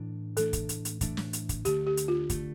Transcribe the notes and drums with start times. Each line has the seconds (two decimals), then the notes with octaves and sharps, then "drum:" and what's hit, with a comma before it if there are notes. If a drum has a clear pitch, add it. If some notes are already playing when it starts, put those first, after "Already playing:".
Already playing: A2 E3 A3 D4
0.37 A2 E3 A3 D4 A4, drum: hi-hat
0.53 drum: kick, hi-hat
0.69 drum: hi-hat
0.85 drum: hi-hat
1.01 A2 E3 A3 D4, drum: kick, hi-hat
1.17 drum: snare
1.33 drum: hi-hat
1.49 drum: kick, hi-hat
1.65 D2 D3 A3 G4, drum: hi-hat
1.87 G4
1.97 drum: hi-hat
2.08 F4
2.30 D3 A3, drum: kick, hi-hat